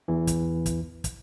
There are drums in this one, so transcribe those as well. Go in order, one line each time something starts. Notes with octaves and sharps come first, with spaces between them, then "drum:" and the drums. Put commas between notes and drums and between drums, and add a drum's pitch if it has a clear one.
E2 E3
drum: kick, hi-hat
drum: kick, hi-hat
drum: kick, hi-hat